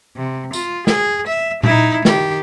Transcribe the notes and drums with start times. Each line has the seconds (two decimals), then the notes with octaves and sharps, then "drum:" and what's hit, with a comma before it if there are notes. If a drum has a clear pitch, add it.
0.16 C3
0.53 F4, drum: tambourine
0.87 G#4, drum: snare
1.27 E5
1.63 D#4 E4, drum: tom A#2
2.05 D#3 G4, drum: snare